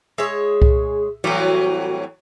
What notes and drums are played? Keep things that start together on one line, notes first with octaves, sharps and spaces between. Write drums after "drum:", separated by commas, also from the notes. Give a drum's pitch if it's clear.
G#3 G#4 C#5 E5
drum: kick C2
A2 E3 F#3 G3 C4 F#4